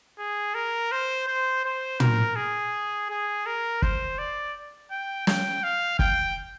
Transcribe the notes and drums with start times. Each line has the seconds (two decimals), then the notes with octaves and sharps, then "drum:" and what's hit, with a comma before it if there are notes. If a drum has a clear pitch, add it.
0.19 G#4
0.54 A#4
0.91 C5
1.27 C5
1.64 C5
2.00 A#4, drum: tom
2.36 G#4
3.10 G#4
3.46 A#4
3.82 C5, drum: kick
4.18 D5
4.91 G5
5.27 G5, drum: snare
5.63 F5
5.99 G5, drum: kick